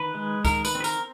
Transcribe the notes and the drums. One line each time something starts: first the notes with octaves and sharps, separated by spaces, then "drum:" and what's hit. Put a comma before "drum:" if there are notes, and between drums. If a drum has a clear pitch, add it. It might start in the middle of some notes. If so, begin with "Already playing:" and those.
Already playing: D#3 B4
G#3
D#3 A#4, drum: kick C#2, tambourine
B4, drum: tambourine
C4
B4
A#4, drum: tambourine